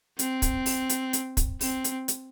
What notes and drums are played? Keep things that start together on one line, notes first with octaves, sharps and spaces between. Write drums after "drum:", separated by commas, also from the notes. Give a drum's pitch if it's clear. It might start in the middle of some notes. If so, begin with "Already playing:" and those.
C4, drum: hi-hat
drum: kick, hi-hat
drum: open hi-hat
drum: hi-hat
drum: hi-hat
drum: kick, hi-hat
C4, drum: open hi-hat
drum: hi-hat
drum: hi-hat